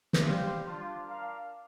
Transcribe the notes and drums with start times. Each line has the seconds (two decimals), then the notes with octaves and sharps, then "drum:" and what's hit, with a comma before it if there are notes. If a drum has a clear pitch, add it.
0.13 drum: snare
0.24 G3 C4 G4 C5 F5
0.65 G3 D4 F4 C5
1.05 D4 A#4 F5